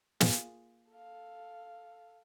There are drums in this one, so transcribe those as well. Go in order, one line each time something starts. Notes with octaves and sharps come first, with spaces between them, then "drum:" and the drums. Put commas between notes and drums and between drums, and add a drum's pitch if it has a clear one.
A#3 F4 G#4, drum: snare
A4 F5